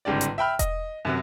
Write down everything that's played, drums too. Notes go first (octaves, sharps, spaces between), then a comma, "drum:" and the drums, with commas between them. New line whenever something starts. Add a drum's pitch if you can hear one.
G1 G#2 C#3 G4 D5
drum: hi-hat
E5 G5 B5 F6
D#5, drum: kick E1, hi-hat
F#2 C3 F#3